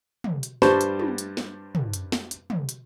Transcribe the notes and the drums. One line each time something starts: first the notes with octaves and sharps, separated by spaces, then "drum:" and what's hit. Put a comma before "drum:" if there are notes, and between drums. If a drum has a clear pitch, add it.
drum: tom
drum: hi-hat
G2 G3 C5 A5 B5 C#6, drum: snare
drum: hi-hat
drum: tom
drum: hi-hat
drum: snare
drum: tom
drum: hi-hat
drum: snare
drum: hi-hat
drum: tom
drum: hi-hat